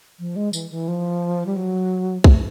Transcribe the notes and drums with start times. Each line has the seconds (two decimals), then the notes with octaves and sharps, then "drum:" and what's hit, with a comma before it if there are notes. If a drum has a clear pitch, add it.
0.19 F3
0.36 G#3
0.53 E3, drum: tambourine
0.71 E3
0.88 F3
1.46 G3
1.56 F#3
2.24 A3, drum: kick